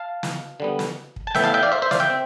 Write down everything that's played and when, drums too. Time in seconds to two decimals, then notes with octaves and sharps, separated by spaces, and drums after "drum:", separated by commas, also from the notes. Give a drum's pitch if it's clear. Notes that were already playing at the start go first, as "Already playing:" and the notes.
Already playing: F5 A5
0.23 drum: snare
0.60 D3 G3 B3
0.79 drum: snare
1.16 drum: kick
1.27 A5
1.35 A2 E3 B3 E5 G5, drum: snare
1.44 F5 A5
1.54 E5 G5
1.63 D5 F5
1.72 C5 E5
1.82 C5 E5
1.91 D5 F5, drum: snare
2.00 E5 G5
2.10 C4